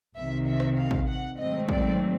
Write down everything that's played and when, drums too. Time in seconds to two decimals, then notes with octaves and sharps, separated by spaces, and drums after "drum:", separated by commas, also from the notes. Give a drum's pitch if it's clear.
0.16 C2 C3 D#3 E5
0.47 E5
0.60 drum: rim click
0.77 F5
0.91 drum: kick
1.08 F#5
1.38 G#2 D#3 F#3 A3 C4 D#5
1.69 D5, drum: kick